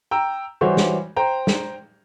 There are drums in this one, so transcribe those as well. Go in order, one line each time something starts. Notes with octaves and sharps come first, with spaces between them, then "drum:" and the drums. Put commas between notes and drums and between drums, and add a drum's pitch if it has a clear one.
G5 A#5 E6
E3 G3 F#4 C5 C#5
drum: snare
C5 G5 A#5
drum: snare